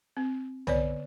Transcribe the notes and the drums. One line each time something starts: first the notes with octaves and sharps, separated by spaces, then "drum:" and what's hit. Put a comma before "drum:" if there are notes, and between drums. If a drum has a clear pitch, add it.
C4
D3 B3 C#5 D5, drum: tom